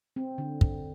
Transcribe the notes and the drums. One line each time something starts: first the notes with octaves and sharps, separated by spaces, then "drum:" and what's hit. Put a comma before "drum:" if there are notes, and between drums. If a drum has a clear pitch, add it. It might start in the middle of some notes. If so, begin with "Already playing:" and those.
C4
D3
drum: kick